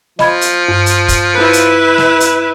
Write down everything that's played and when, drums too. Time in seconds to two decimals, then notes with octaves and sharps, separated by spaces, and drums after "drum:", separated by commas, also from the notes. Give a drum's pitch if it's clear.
0.19 F3 D#5 B5 G#6, drum: snare
0.41 drum: hi-hat
0.68 G2
0.86 drum: hi-hat
1.08 drum: kick, hi-hat
1.34 E4 B4
1.53 drum: hi-hat
1.98 drum: snare
2.20 drum: hi-hat